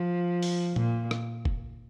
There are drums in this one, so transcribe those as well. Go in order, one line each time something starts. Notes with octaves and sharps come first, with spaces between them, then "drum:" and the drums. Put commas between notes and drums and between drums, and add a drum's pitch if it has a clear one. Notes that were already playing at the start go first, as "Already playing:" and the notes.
Already playing: F3
drum: open hi-hat
A#2, drum: tom A#2
drum: rim click
drum: kick